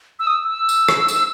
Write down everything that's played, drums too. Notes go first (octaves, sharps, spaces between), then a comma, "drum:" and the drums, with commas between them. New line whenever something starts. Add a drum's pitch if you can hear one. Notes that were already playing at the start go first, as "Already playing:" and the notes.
E6
D#6
E6
E6
drum: tambourine
drum: rim click
drum: tambourine